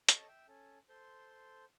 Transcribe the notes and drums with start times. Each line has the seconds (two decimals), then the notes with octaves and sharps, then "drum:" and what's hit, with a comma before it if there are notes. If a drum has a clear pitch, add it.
0.09 A4 C#5 D#5 A5 C#6 D#6, drum: hi-hat
0.28 E5 G5 E6
0.48 C#4 A4
0.89 A4 C5 C6